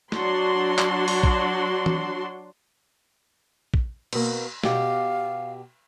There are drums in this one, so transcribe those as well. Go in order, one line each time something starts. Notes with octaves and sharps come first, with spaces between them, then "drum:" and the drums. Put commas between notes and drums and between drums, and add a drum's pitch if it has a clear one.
F#3 D4 F#4 C6, drum: snare
drum: clap
drum: open hi-hat
drum: kick
drum: tom
drum: kick
B2 A#3, drum: cymbal
B2 G4 F5, drum: snare